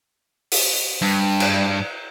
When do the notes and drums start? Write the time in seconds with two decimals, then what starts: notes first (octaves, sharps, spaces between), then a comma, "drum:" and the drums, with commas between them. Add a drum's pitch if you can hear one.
0.52 drum: open hi-hat
1.02 G2
1.40 drum: cymbal